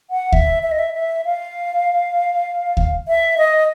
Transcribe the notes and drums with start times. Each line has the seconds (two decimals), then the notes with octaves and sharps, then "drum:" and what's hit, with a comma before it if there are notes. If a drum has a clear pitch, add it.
0.10 F#5
0.32 E5, drum: kick D2
0.63 E5
0.71 D#5
0.79 E5
0.94 E5
1.25 F5
2.77 drum: kick D2
3.08 E5
3.38 D#5